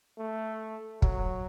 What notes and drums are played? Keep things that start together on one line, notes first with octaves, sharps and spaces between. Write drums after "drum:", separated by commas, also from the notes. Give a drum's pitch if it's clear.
A3
F#3, drum: kick